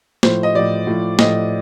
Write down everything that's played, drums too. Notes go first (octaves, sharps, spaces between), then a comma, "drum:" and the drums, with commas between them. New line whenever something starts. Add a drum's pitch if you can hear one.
A2 F3 C5, drum: snare
D#5
A2 F3 D5
A2 F3
A2 F3 D#5, drum: snare